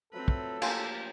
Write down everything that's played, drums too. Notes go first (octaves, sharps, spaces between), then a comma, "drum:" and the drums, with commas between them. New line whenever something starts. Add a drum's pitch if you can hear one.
F3 F#3 A3 C4 A4 B4
drum: kick
A#3 G4 F5 G#5 C6, drum: cymbal